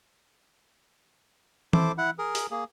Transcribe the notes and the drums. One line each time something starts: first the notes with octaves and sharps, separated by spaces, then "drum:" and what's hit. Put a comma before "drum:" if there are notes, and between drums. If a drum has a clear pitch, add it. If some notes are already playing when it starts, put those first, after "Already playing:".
E4 A4 C5 D6, drum: tom E3
E4 F#5
G#4 A#4
drum: open hi-hat
A#3 G#4